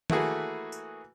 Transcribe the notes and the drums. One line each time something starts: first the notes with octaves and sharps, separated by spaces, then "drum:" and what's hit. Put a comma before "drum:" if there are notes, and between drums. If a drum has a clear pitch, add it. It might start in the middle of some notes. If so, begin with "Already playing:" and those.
E3 A3 A#3 F#4 G#4 B4, drum: tom D#3
drum: tambourine